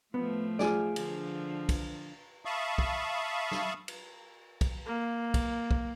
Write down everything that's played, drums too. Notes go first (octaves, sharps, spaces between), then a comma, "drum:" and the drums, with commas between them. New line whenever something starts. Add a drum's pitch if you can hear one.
A2 F3 A3 B3
F4 G#4 D5, drum: snare
D3 F3 D4, drum: cymbal
drum: kick, cymbal
E5 F5 A5 B5 C#6 D#6
drum: kick
drum: snare
drum: cymbal
drum: kick, cymbal
A#3
drum: kick, cymbal
drum: kick